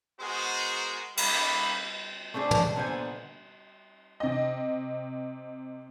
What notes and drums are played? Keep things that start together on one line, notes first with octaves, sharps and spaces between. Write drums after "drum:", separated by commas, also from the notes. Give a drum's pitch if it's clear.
G#3 B3 F#4 G#4 A#4 C5
G3 A3 A#3 D#4 B5, drum: cymbal
A3 C4 D4 G#4
drum: tom
A#2 D3 B3 B4 C5 G#5
C3 D#5